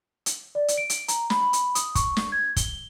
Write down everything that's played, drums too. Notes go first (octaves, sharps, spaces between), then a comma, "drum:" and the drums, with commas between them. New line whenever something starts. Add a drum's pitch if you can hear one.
drum: hi-hat
D5
drum: hi-hat
D7
drum: hi-hat
A#5, drum: hi-hat
B5, drum: snare
B5
drum: hi-hat
D#6, drum: hi-hat
C#6, drum: kick, hi-hat
drum: snare
G#6
G7, drum: kick, hi-hat